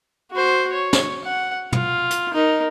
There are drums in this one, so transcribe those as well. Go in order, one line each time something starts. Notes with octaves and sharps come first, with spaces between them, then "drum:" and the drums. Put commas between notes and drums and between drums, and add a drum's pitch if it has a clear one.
F#4 C5
C#5
drum: snare
F#5
F4, drum: tom
drum: hi-hat
D#4 A#4